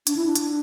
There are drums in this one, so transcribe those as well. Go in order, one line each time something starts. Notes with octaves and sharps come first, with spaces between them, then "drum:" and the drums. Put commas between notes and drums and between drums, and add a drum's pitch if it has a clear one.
D4, drum: hi-hat
E4
D4
drum: hi-hat